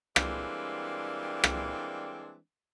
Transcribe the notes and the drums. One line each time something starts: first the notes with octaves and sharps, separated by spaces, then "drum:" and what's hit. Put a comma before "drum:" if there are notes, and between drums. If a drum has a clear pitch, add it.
E3 G3 G#3 A#3 C4 D4, drum: rim click
drum: rim click